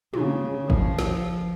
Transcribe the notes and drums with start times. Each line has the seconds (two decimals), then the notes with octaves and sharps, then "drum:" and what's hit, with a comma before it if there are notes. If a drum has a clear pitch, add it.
0.14 C#3, drum: tom
0.70 F3, drum: kick G1
0.99 drum: snare